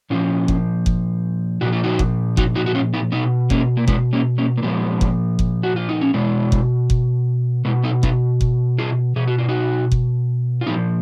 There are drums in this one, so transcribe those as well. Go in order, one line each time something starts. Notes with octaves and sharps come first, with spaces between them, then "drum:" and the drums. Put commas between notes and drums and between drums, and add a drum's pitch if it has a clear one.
A#2 F3 C#4 F4
drum: kick F#1
drum: kick F#1
A#2 F3 F#4
F4
D#4 F#4
drum: kick F#1
D#4 F#4, drum: kick F#1
D#4 F#4
F#4
C#4 F4
B3 D#4
B2 B3 D#4
A#3 C#4, drum: kick F#1
A#3
G#3 B3, drum: kick F#1
A#3 C#4
A#3 C#4
A#3
A#2 F3 G#3 B3
drum: kick F#1
drum: kick F#1
F#4
F4
D#4
C#4
B2 G#3 B3
drum: kick F#1
drum: kick F#1
B2 G#3 B3
B3 D#4
B3 D#4, drum: kick F#1
drum: kick F#1
F4 G#4
B2 G#4
F#4
F4
D#4 F#4
drum: kick F#1
F4
A#2 F3 B3 D#4